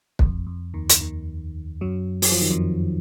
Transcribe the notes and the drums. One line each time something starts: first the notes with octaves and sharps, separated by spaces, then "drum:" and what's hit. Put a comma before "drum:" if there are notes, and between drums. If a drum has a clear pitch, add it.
F2, drum: kick
F2
D#2 D#3
drum: hi-hat
D#2 D#3
F#2 F#3
F#3, drum: open hi-hat
F3
D#3
F2 F3